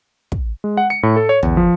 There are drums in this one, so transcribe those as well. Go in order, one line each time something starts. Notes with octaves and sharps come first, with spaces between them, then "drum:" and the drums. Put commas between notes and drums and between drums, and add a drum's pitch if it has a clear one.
drum: kick
G#3
F#5
C#7
A2
A4
C#5
E2, drum: tom
F3